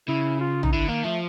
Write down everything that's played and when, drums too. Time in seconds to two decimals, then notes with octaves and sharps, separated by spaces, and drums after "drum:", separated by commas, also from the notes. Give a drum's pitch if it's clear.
0.08 C#3 E4
0.41 F4
0.63 D#4, drum: tom
0.72 D3 E4
0.88 D#3 A#3
1.04 F3 A3